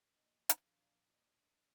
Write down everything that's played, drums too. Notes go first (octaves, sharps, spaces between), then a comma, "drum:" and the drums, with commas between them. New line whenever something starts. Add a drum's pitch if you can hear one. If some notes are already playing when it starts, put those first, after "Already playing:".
A#2 F3 A#3 D4 D#5
drum: hi-hat
F5
D#5